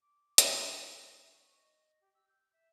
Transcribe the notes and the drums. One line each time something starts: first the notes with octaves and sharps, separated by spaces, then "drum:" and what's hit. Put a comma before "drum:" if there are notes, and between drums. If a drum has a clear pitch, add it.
D6
drum: hi-hat
D#5
E5
C#6
D#5
G4
E6
G6
E5